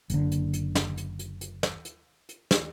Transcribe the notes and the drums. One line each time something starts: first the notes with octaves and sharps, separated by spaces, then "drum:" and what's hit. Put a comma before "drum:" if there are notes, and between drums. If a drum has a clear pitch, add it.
F#1 D3, drum: hi-hat
drum: hi-hat
drum: hi-hat
drum: snare
drum: hi-hat
drum: hi-hat
drum: hi-hat
drum: snare
drum: hi-hat
drum: hi-hat
drum: snare